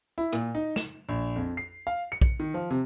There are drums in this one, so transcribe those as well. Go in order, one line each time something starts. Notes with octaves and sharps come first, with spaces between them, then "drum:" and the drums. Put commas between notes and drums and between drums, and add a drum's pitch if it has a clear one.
E4
A#2, drum: rim click
D#4
E7, drum: snare
A#1
F2
C7
F5
C#7
drum: kick
D#3
F3
C3